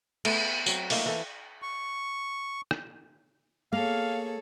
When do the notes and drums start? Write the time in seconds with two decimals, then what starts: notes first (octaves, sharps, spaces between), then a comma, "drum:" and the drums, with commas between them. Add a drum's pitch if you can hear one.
0.25 A3 B3, drum: cymbal
0.66 F#3 C4, drum: tambourine
0.90 A3 A#3 D#4 F4, drum: open hi-hat
1.06 E3 A4
1.62 C#6
2.71 drum: rim click
3.72 A#3 G#4 A4 C#5 F5